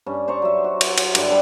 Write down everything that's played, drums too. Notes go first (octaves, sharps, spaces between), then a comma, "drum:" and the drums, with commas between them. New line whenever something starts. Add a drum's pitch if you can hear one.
G2 C#4
C5 D5 A#5 C#6
F#3 E5
F#4
drum: cymbal
drum: cymbal
G2 D3 G4, drum: cymbal
G3 D4 A4